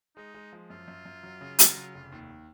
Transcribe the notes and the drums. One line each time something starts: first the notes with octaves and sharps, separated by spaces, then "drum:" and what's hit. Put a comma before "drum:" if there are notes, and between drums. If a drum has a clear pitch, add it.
G#3 D#4
G#3
F3
F#2 F4
F#2
F#2
F#3
C#3
F#3, drum: hi-hat
C#3
F1
D#2